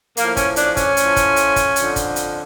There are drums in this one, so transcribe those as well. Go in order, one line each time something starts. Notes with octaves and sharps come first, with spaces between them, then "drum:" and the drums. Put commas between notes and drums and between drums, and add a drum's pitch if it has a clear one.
A2 F3 A#3, drum: hi-hat
C#4, drum: kick, hi-hat
D4, drum: hi-hat
C#4, drum: kick, hi-hat
A2 F3, drum: hi-hat
drum: kick, hi-hat
drum: hi-hat
drum: kick, hi-hat
F2 D3 F3, drum: hi-hat
drum: kick, hi-hat
drum: hi-hat